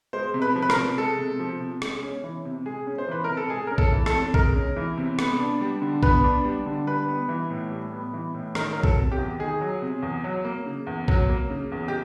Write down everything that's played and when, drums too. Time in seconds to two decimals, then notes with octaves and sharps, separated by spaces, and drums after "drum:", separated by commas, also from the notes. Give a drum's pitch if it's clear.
0.13 G#3 C5
0.34 C3
0.42 B4
0.55 F3
0.62 B4
0.70 A#4, drum: rim click
0.76 C3
0.97 G#3 A4
1.19 C3
1.39 F3
1.61 C3
1.82 G#3, drum: rim click
2.03 C#4
2.24 E3
2.45 C3
2.66 G#3 G#4
2.87 C#4
2.98 C5
3.08 E3 B4
3.24 A#4
3.29 C3
3.37 A4
3.50 G#3 G#4
3.67 C#4 A#4
3.78 A4, drum: kick
3.92 E3
4.06 A4, drum: rim click
4.13 C3
4.34 G#3 A#4, drum: kick
4.56 C#4
4.76 E3
4.98 C3
5.19 B3, drum: rim click
5.40 D4
5.61 G3
5.82 D3
6.03 B3 B4, drum: kick
6.24 D4
6.45 G3
6.66 D3
6.87 G3 B4
7.08 B3
7.29 E3
7.51 A2
7.71 G3
7.92 B3
8.13 E3
8.34 A2
8.55 D#3 A#4, drum: rim click
8.73 F#3 A#4
8.84 A4, drum: kick
8.97 C3
9.12 G4
9.18 E2
9.39 D#3 G#4
9.61 F#3
9.82 C3
10.02 E2
10.24 F#3
10.45 A#3
10.66 C#3
10.87 E2
11.08 F#3, drum: kick
11.29 A#3
11.50 C#3
11.72 E2
11.88 G4